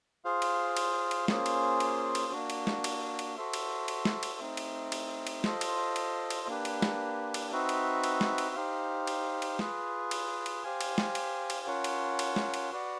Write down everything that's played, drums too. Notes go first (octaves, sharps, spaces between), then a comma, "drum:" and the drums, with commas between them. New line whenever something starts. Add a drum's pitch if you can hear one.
F4 G#4 C5 F5
drum: cymbal
drum: cymbal
drum: cymbal
A#3 C#4 F4 G#4 C5, drum: snare
drum: cymbal
drum: cymbal
drum: cymbal
A#3 D4 F#4
drum: cymbal
drum: snare
drum: cymbal
drum: cymbal
F#4 A4 C5 E5
drum: cymbal
drum: cymbal
drum: snare
drum: cymbal
A3 C4 D#4
drum: cymbal
drum: cymbal
drum: cymbal
F4 A4 C5 D#5, drum: snare
drum: cymbal
drum: cymbal
drum: cymbal
A#3 D4 G4 B4
drum: cymbal
drum: snare
drum: cymbal
C4 D#4 F#4 B4 E5
drum: cymbal
drum: cymbal
drum: snare
drum: cymbal
D#4 G4 C5 F5
drum: cymbal
drum: cymbal
F4 G#4 B4, drum: snare
drum: cymbal
drum: cymbal
G4 C5 F5 G#5
drum: cymbal
drum: snare
drum: cymbal
drum: cymbal
C#4 F4 A#4 C#5 F#5
drum: cymbal
drum: cymbal
drum: snare
drum: cymbal
F#4 B4 D5 F#5